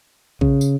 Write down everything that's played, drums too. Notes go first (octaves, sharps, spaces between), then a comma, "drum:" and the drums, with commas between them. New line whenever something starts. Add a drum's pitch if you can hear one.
C#3, drum: kick A#1
drum: tambourine